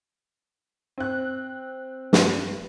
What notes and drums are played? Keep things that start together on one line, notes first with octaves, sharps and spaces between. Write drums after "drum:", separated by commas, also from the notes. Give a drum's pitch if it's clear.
C4 F#6
G2, drum: snare